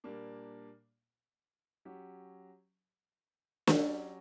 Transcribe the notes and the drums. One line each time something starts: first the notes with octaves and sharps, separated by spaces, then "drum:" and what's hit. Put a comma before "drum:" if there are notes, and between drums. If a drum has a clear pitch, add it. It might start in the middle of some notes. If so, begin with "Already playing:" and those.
A#2 G3 A#3 D4
F#3 C#4 G4
F#3 C#4 G4, drum: snare